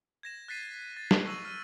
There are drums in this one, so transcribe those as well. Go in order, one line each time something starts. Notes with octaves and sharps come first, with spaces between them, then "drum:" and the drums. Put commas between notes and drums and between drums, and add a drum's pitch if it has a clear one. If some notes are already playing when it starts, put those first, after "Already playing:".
G#6 A#6 E7
F#6 A6 B6 C7 D#7
A6
drum: snare
C#6 E6 D#7 F#7
F6 D#7